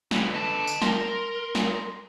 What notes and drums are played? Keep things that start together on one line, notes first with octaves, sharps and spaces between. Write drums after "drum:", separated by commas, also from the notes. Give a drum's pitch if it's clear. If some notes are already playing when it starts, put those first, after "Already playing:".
D3 B4, drum: snare
D#5 A5
drum: tambourine
A#4 C6, drum: snare
drum: snare